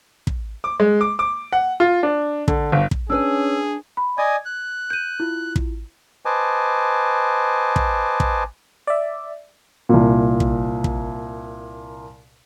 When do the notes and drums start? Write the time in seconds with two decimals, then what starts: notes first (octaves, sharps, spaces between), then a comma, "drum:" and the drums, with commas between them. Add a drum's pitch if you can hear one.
0.27 drum: kick
0.64 D6
0.80 G#3
1.01 D6
1.19 D6
1.52 F#5
1.80 F4
2.03 D4
2.48 D3, drum: kick
2.72 G1
2.91 drum: kick
3.10 C#4 D4 G#4 B4 G#5 E6
3.97 B5
4.18 D5 D#5 G#5 G#6
4.45 F#6
4.90 G6 D#7
5.20 E4 F4
5.56 drum: kick
6.25 B4 C5 D#5 G#5 A5 D6
7.76 drum: kick
8.20 drum: kick
8.87 D5 E5
9.89 C2 A#2
10.40 drum: kick
10.84 drum: kick